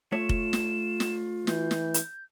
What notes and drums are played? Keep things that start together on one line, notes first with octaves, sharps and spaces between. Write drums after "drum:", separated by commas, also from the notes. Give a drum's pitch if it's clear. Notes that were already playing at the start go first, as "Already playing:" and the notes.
A3 F4 C#5 E7
drum: kick F1
drum: snare
drum: snare
E3 G6, drum: snare
drum: snare
drum: hi-hat